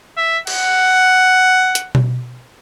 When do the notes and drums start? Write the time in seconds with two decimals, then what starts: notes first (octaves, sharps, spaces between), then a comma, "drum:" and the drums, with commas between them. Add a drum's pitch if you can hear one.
0.17 E5
0.47 F#5, drum: cymbal
1.75 drum: hi-hat
1.95 drum: tom B2